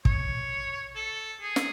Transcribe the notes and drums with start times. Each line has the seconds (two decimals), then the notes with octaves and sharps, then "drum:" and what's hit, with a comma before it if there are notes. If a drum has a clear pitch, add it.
0.05 C#5, drum: kick
0.95 A4
1.41 G#4
1.56 drum: snare